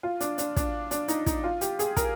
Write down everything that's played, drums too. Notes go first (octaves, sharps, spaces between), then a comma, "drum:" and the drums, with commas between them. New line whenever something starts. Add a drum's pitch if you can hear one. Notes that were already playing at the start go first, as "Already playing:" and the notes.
F4
D4, drum: hi-hat
D4, drum: hi-hat
D4, drum: kick, hi-hat
D4, drum: hi-hat
D#4, drum: hi-hat
D#4, drum: kick, hi-hat
F4
G4, drum: hi-hat
G#4, drum: hi-hat
A#4, drum: kick, hi-hat